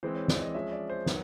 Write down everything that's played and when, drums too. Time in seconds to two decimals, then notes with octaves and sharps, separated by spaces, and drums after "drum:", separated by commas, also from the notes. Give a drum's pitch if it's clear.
0.03 E3 G#3 C4 C5
0.15 C#5
0.28 D5, drum: snare
0.41 D#5
0.54 F3 G#3 C#4 E5
0.72 D5
0.90 C5
1.06 D#3 F#3 B3 C#5, drum: snare